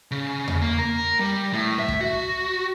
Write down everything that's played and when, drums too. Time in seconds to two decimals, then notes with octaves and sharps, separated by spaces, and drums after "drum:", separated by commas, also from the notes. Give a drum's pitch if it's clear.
0.11 C#3
0.48 drum: tom E2
0.62 A#3
0.79 A#4
1.20 G3
1.53 A2
1.79 E5
1.88 drum: kick
2.01 F#4